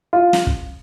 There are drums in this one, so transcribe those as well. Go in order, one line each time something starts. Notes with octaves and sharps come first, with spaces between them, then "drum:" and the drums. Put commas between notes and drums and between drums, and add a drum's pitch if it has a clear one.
F4
drum: snare
drum: kick